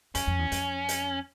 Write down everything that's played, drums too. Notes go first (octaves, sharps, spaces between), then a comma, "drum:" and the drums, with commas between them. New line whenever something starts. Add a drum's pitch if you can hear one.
F2 C#4, drum: hi-hat
F2
E2
F2, drum: hi-hat
drum: hi-hat